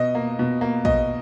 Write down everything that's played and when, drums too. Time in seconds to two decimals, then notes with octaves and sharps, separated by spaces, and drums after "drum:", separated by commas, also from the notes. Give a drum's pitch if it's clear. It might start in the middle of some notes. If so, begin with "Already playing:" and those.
Already playing: B2 D#5
0.15 A#3
0.39 B2
0.61 A#3
0.85 B2 D#5, drum: kick